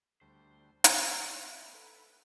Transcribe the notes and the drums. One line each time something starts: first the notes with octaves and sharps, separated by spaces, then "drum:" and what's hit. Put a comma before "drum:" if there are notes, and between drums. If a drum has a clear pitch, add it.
D2 G3 A3 C5
drum: hi-hat
E4 G4 G5 E6
E3 A#3 E5 B5
A4 B4